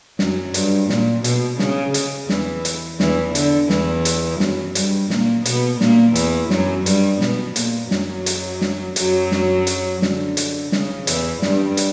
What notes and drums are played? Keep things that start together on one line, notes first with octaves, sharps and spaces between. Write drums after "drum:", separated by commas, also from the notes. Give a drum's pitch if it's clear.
F#2 F#3, drum: snare
G2, drum: hi-hat
A#2, drum: snare
B2, drum: hi-hat
C#3, drum: snare
C#3, drum: hi-hat
E2 E3, drum: snare
drum: hi-hat
E2 E3, drum: snare
D3, drum: hi-hat
E2 E3, drum: snare
drum: hi-hat
F#2 F#3, drum: snare
G2 G3, drum: hi-hat
A#2 A#3, drum: snare
B2 B3, drum: hi-hat
A#2 A#3, drum: snare
E2 E3, drum: hi-hat
F#2 F#3, drum: snare
G2 G3, drum: hi-hat
B2 B3, drum: snare
A#2 A#3, drum: hi-hat
F#2 F#3, drum: snare
drum: hi-hat
drum: snare
F#2 F#3, drum: hi-hat
drum: snare
drum: hi-hat
D3, drum: snare
drum: hi-hat
C#3, drum: snare
E2 E3, drum: hi-hat
G2 G3, drum: snare
drum: hi-hat